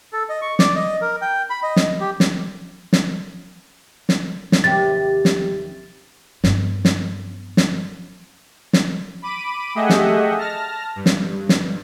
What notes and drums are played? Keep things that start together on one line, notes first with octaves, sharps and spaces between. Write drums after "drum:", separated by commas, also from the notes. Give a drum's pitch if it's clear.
A4
D#5
C#6
D5, drum: snare
D#5
A#4
G5
B5
D#5
drum: snare
G4
drum: snare
drum: snare
drum: snare
drum: snare
D#2 C3 G4 A6
drum: snare
G2 B3, drum: snare
drum: snare
drum: snare
drum: snare
B5 D6 D#7
A3 G4 G#4 D#5 E5 F#5
drum: snare
A5 F6 A#6
G2
drum: snare
drum: snare